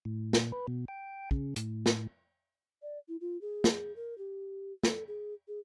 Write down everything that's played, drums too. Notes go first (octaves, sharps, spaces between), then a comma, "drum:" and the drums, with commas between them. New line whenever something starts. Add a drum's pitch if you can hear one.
A2
A#2, drum: snare
B4
B2
G5
C#3, drum: kick
A2, drum: hi-hat
drum: snare
D5
E4
F4
G#4
drum: snare
A#4
G4
A4, drum: snare
G#4
G#4